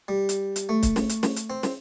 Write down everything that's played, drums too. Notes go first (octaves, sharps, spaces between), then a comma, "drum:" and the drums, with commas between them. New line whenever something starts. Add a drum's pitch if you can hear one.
G3
drum: hi-hat
drum: hi-hat
A3
drum: kick, hi-hat
drum: snare
drum: hi-hat
drum: snare
drum: hi-hat
C4
drum: snare